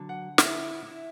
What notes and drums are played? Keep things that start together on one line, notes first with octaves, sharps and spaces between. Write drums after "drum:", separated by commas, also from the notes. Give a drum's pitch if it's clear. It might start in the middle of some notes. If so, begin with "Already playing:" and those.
Already playing: D3 F#3 A5
F#5
E4 E5, drum: snare
E4